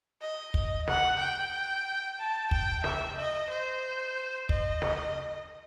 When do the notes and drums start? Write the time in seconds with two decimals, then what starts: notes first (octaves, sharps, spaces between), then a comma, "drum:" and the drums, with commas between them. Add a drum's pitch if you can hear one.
0.21 D#5
0.54 drum: kick
0.88 F#5, drum: snare
1.19 G5
2.19 A5
2.51 G5, drum: kick
2.84 E5, drum: snare
3.18 D#5
3.50 C5
4.49 D#5, drum: kick
4.82 drum: snare